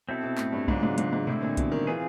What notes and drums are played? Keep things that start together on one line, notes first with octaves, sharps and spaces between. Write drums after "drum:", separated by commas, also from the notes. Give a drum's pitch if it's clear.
B2 C4 E4 A4
B2
A2, drum: clap
G2
G#2 C#3 F#3 B3 D4 F4, drum: kick B1
G#2
G#2, drum: hi-hat
G#2
A2 D3 G3 C4 E4, drum: tom B2
A#2
B2, drum: kick B1, hi-hat
D#3
E3 C4 F4 G#4